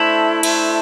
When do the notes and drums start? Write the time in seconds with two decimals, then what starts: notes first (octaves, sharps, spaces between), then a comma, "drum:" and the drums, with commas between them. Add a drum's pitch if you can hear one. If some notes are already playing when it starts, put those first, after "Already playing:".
Already playing: A3 D4 E4 A4 C5 E5
0.43 A3 D4 A4 C5 E5, drum: cymbal